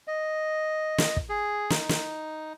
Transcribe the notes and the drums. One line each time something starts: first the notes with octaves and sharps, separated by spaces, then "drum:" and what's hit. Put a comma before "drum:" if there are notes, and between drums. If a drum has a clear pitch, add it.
D#5
drum: snare
drum: kick
G#4
D#4, drum: snare
drum: snare